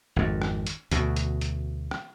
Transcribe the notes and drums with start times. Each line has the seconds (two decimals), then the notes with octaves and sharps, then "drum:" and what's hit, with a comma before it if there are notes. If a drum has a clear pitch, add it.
0.16 G#1 F2
0.42 drum: rim click
0.67 drum: hi-hat
0.91 D2 B2, drum: hi-hat
1.16 drum: hi-hat
1.41 drum: hi-hat
1.91 drum: rim click